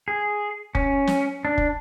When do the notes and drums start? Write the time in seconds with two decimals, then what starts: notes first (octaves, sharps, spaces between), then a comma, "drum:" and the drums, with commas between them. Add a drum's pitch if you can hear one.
0.08 G#4
0.75 C#4, drum: kick
1.07 drum: snare
1.45 D4
1.58 drum: kick